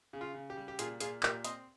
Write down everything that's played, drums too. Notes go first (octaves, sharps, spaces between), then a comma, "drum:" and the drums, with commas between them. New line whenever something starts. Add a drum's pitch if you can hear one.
C#3
F4
C#3
G4
G3
G4
A#2 F4 G#4, drum: hi-hat
A#2 F4 G#4, drum: hi-hat
A#2 G4 A#4, drum: clap
C4 C5 D#5, drum: hi-hat